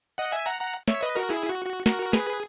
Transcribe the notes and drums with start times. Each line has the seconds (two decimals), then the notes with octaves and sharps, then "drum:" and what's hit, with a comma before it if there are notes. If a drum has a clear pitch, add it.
0.18 D#5 F#5
0.32 E5 G#5
0.46 F#5 A#5
0.60 F#5 A#5
0.88 C#5 E5, drum: snare
1.02 B4 D#5
1.15 F#4 A#4
1.29 E4 G#4
1.48 F#4
1.66 F#4
1.86 F#4 A#4, drum: snare
2.13 G#4 B4, drum: snare